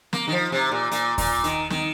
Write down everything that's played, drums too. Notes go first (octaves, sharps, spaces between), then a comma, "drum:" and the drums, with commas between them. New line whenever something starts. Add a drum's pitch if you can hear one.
A#3, drum: snare
D#3
F3
C3
A#2
A#2, drum: hi-hat
A#2, drum: kick D#2, open hi-hat
D#3, drum: hi-hat
D#3, drum: snare